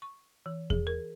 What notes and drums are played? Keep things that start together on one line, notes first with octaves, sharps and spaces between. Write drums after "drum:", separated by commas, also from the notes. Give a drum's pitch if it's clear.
C#6
E3
G#4, drum: kick E2
A#4